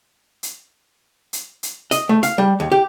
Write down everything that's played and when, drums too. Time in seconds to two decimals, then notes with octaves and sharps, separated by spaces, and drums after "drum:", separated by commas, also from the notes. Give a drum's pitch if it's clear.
0.43 drum: hi-hat
1.33 drum: hi-hat
1.63 drum: hi-hat
1.91 D#5, drum: hi-hat
2.09 A3
2.23 F5, drum: hi-hat
2.38 G3
2.60 D#2
2.72 G4